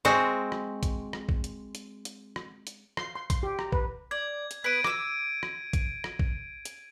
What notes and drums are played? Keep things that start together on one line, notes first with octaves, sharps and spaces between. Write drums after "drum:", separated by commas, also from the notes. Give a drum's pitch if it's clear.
G#3 C4 F#4
drum: rim click
drum: kick, hi-hat
drum: rim click
drum: kick
drum: hi-hat
drum: hi-hat
drum: hi-hat
drum: rim click
drum: hi-hat
C6, drum: rim click
C6
C6, drum: kick, hi-hat
G4
A#5, drum: rim click
B4, drum: kick
D5 G#6
drum: hi-hat
B3 B4 G#6 D7 D#7
D6 E6, drum: rim click
drum: rim click
drum: kick, hi-hat
drum: rim click
drum: kick
drum: hi-hat